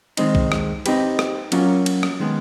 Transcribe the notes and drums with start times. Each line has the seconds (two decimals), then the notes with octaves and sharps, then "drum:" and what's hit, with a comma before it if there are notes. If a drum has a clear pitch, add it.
0.17 D#3 G#3 C4 D#4, drum: cymbal
0.35 drum: kick B1
0.52 drum: rim click
0.86 C4 D#4 G4 B4, drum: cymbal
1.19 drum: rim click
1.52 F#3 A#3 C#4 F4 A#4, drum: cymbal
1.86 drum: cymbal
2.03 drum: rim click
2.20 D#3 G#3 B3